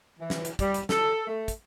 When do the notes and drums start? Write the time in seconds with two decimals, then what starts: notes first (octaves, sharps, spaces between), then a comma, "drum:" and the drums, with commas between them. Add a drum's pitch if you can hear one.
0.20 E3
0.30 drum: snare
0.45 drum: hi-hat
0.59 G3, drum: kick, hi-hat
0.74 drum: hi-hat
0.89 A4, drum: snare
1.27 A3
1.48 drum: kick, hi-hat